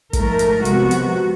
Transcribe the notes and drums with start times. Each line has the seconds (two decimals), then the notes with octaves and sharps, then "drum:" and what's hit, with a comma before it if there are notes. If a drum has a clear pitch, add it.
0.13 G#2 F3 A3 A#4, drum: kick, hi-hat
0.39 drum: hi-hat
0.65 C3 F3 G#3 B3 F#4, drum: hi-hat
0.91 drum: hi-hat